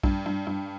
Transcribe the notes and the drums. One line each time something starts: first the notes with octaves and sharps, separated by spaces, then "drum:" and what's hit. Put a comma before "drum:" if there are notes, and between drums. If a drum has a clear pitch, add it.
G2, drum: kick A#1
G2
G2